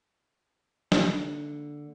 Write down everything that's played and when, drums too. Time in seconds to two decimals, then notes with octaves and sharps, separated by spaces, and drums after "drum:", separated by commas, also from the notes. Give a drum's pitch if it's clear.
0.92 D3 A#3 F5 B5, drum: snare